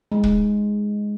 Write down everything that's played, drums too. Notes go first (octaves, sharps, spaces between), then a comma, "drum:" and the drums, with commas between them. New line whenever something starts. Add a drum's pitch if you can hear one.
G#3
drum: kick